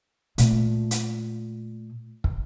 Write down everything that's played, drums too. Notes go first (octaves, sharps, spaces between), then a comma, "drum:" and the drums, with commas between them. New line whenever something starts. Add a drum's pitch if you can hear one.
A#2 A3, drum: hi-hat
drum: hi-hat
drum: kick